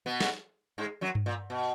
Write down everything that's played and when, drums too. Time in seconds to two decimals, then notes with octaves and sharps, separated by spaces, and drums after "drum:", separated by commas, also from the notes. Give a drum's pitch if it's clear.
0.06 B2 B3
0.21 drum: snare
0.78 G#2 G#3
1.01 F#2 F#3
1.15 drum: tom G2
1.26 A#2
1.50 B2